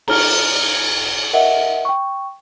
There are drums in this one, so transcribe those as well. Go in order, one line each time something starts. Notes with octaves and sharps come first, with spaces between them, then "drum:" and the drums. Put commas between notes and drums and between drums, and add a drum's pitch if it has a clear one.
A#5 F6, drum: cymbal
A#4 D#5 E5 F#5
G5 C#6